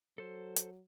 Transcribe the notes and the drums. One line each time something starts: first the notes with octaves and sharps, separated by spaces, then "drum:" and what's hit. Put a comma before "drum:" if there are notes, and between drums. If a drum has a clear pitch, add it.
F#3 A4 C5
drum: hi-hat